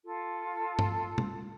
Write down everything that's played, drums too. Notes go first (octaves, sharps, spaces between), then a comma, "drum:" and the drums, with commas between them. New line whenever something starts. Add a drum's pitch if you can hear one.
F4 A4
drum: tom
drum: tom